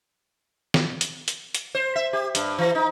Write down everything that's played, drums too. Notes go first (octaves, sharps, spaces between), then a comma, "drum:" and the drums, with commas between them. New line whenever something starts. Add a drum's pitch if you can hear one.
drum: snare
drum: hi-hat
drum: hi-hat
drum: hi-hat
C5
E5
G4
G2, drum: hi-hat
E3
D#4